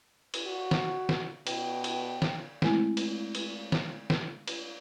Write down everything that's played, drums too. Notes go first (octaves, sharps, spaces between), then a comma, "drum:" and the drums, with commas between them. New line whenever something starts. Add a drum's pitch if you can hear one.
drum: cymbal
F#4
drum: snare
drum: snare
B2 G5, drum: cymbal
drum: cymbal
drum: snare
G#3 A3 C4 E4 G#5, drum: snare
drum: cymbal
drum: cymbal
drum: snare
drum: snare
drum: cymbal